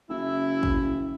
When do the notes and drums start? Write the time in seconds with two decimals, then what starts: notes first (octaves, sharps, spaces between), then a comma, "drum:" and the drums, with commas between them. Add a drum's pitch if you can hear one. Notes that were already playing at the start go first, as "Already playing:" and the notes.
0.10 F#1 E4
0.63 drum: kick